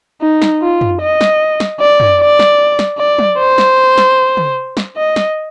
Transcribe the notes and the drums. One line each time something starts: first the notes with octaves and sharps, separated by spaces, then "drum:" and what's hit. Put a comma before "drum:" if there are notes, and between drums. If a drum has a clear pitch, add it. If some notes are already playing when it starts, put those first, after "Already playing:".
D#4
drum: snare
F4
drum: tom
D#5
drum: snare
drum: snare
D5
drum: tom
D5
drum: snare
drum: snare
D5
drum: tom
C5
drum: snare
drum: snare
drum: tom
drum: snare
D#5
drum: snare